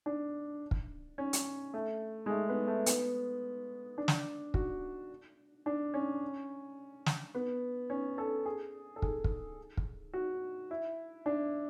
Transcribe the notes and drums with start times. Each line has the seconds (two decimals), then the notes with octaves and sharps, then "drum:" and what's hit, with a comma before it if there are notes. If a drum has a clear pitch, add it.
0.06 D4
0.71 drum: kick
1.18 C#4
1.33 drum: hi-hat
1.74 A3
2.26 G#3
2.30 A3
2.49 B3
2.67 A3
2.86 B3, drum: hi-hat
3.98 D4
4.08 drum: snare
4.54 F#4, drum: kick
5.66 D4
5.94 C#4
7.06 drum: snare
7.35 B3
7.90 C#4
8.18 A4
8.46 G#4
8.96 A4
9.02 G#4, drum: kick
9.24 drum: kick
9.77 drum: kick
10.14 F#4
10.71 E4
11.26 D4